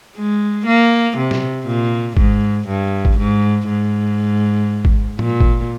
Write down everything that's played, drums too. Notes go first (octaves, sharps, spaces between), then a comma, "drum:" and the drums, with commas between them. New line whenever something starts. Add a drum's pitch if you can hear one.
G#3
A#3
C3
drum: snare
A#2
G#2, drum: kick
G2
drum: kick
G#2
G#2
drum: kick
A#2, drum: tom A2
drum: kick